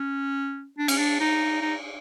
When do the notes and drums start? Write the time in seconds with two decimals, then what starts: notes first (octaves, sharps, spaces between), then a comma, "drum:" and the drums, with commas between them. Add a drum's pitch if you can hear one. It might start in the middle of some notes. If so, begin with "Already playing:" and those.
Already playing: C#4
0.78 D4
0.88 C#4, drum: cymbal
0.98 D4
1.20 D#4
1.62 D#4